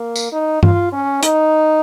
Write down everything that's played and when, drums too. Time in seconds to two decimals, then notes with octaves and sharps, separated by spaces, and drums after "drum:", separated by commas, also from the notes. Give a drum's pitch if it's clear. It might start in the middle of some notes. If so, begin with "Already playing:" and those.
Already playing: A#3
0.16 drum: tambourine
0.32 D#4
0.63 F4, drum: tom G2
0.92 C#4
1.23 D#4, drum: hi-hat